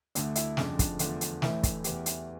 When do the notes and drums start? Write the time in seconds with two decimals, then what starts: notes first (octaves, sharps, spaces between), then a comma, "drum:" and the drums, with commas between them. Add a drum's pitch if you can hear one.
0.15 D2 D3 A3, drum: hi-hat
0.35 E4, drum: hi-hat
0.57 G1 F2 C#3 F3 D4, drum: snare
0.79 D4, drum: kick, hi-hat
0.99 E2 D3 F3 A3 D4, drum: hi-hat
1.21 drum: hi-hat
1.42 A1 A2 E3 A3 E4, drum: snare
1.63 drum: kick, hi-hat
1.84 E2 E3 A3 G4, drum: hi-hat
2.06 drum: hi-hat